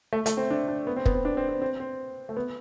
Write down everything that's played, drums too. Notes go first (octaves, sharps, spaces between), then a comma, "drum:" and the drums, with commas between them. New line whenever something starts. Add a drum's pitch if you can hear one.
A3
A3, drum: hi-hat
C4
D4
D4
B3
C4
B3, drum: kick
C4
D4
C4
C4
C4
C4
A3
B3